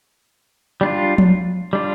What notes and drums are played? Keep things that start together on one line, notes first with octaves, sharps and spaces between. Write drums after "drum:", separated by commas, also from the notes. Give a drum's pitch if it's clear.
G3 D4 F4
drum: tom F3
G3 D4 F4